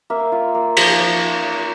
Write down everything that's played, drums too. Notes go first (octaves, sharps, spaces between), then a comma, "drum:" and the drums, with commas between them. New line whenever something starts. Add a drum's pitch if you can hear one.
A#3 E5
F4
A#3
F3, drum: cymbal
F3